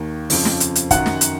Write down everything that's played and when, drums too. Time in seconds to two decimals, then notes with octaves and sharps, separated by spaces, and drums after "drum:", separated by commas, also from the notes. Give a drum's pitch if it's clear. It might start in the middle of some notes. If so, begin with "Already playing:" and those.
Already playing: D#2 D#3
0.30 F2 C#3 F3, drum: open hi-hat
0.45 drum: snare
0.60 drum: hi-hat
0.75 drum: hi-hat
0.91 F#2 D#3 F#5, drum: kick, hi-hat
1.06 drum: snare
1.21 drum: hi-hat